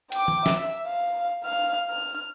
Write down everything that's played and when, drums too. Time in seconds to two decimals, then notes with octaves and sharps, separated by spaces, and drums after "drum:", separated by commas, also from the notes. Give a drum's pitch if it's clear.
0.12 G5 D6, drum: hi-hat
0.28 drum: tom D#3
0.46 E5, drum: snare
0.87 F5
1.44 F5 F6
1.90 F6